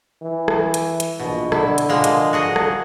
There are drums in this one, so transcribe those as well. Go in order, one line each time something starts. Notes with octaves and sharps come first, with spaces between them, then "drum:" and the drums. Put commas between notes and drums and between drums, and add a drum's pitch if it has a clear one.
E3
drum: rim click
drum: hi-hat
drum: hi-hat
A#1 B2
D3 E4, drum: rim click
drum: hi-hat
F3 G#3 A#3
drum: hi-hat
F#4 G#4 D#5
drum: rim click